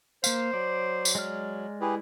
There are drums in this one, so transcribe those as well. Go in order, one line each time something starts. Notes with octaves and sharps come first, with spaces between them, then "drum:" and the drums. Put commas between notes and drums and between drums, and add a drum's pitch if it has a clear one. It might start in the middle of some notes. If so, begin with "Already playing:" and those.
A#3 C5 F5, drum: tambourine
F#3 D5
drum: tambourine
G#3 D5 F6
E4 G4 G#4 B4